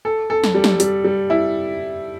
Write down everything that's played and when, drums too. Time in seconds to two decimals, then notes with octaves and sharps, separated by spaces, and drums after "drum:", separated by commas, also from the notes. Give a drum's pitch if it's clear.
0.05 A4
0.30 A4
0.44 drum: snare
0.55 G3
0.64 drum: snare
0.80 G3, drum: hi-hat
1.05 G3
1.30 E4